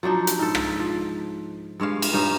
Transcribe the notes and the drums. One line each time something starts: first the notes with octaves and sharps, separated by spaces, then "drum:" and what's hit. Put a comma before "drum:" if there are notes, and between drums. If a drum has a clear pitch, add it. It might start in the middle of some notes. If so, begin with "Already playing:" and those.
F3 F#3 D4 D#4
drum: hi-hat
G#2 A4
drum: rim click
F3
G2 G#3 C#5 F5
drum: cymbal
G2 C#4 D#4